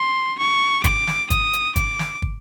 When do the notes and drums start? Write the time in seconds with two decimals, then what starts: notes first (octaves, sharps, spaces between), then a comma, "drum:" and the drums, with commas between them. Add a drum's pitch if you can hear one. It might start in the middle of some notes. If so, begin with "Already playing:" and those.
Already playing: C6
0.39 C#6
0.84 D6, drum: kick, hi-hat
1.07 drum: snare
1.30 D#6, drum: kick, hi-hat
1.53 drum: hi-hat
1.76 D6, drum: kick, hi-hat
1.99 drum: snare
2.22 drum: kick